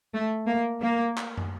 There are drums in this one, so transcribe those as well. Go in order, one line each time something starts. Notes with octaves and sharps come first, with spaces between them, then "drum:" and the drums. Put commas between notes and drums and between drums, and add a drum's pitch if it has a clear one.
A3
A#3
A#3
drum: clap
drum: tom